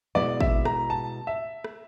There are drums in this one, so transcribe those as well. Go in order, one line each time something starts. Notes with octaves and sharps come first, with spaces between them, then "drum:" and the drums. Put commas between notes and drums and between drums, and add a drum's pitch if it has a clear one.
B2 G#3 B3 E4 D5
E5, drum: kick
A#5, drum: rim click
A5
E5
drum: rim click